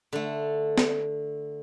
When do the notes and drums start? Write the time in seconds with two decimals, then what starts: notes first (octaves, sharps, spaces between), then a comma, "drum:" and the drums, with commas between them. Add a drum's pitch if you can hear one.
0.13 D3 A3
0.78 drum: snare